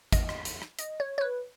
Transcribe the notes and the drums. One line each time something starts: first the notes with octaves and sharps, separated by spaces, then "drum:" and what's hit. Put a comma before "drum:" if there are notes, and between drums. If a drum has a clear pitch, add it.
D#5, drum: kick, hi-hat
drum: rim click
drum: hi-hat
drum: rim click
D#5, drum: hi-hat
C#5
C#5
B4